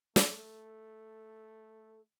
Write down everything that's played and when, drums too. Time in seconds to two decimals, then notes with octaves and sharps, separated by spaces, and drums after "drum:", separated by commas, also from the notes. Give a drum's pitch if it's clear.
0.16 A3 A4, drum: snare